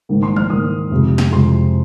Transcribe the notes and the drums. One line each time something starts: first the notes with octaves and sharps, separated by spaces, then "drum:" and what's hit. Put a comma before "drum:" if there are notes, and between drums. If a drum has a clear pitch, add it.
G#2 D#3 A#3
C6
F6, drum: tom D#3
G#2 D#3 A#3 D#6
F2 C3 G#3 C4
drum: snare
F2 C3 G#3 C4 C6